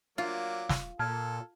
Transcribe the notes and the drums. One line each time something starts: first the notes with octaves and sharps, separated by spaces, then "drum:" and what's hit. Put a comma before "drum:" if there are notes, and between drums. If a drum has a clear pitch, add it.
F#3 A#3 F4 D5
drum: snare
A#2 A4 A5 F6 G#6